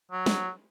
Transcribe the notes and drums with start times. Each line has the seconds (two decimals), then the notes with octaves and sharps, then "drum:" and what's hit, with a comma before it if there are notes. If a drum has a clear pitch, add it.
0.11 F#3
0.26 drum: snare